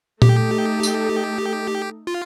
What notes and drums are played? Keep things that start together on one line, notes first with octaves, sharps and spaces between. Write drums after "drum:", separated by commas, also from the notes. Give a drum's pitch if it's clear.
A3 D#4 G4 A4, drum: tom A#2
drum: tambourine
F4